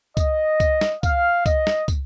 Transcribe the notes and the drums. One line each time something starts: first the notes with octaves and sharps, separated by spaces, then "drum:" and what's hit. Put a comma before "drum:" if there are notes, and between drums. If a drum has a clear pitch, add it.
D#5, drum: kick, tambourine
drum: kick, tambourine
drum: snare
F5, drum: kick, tambourine
D#5, drum: kick, tambourine
drum: snare
drum: kick, tambourine